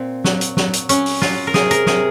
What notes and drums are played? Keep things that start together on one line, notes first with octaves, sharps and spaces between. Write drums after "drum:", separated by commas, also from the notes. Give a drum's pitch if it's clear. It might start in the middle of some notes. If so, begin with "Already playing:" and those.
Already playing: A#2 C4
F#3, drum: snare
drum: hi-hat
F#3, drum: snare
drum: hi-hat
F#3 C#4, drum: hi-hat
drum: open hi-hat
F#3 F4, drum: snare
A#4
C3 G#4, drum: snare
A#4, drum: hi-hat
C3 G#4, drum: snare